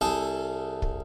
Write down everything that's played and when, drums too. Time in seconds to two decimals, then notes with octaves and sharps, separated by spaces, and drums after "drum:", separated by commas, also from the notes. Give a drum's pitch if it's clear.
0.01 C2 G#4 A4
0.82 drum: kick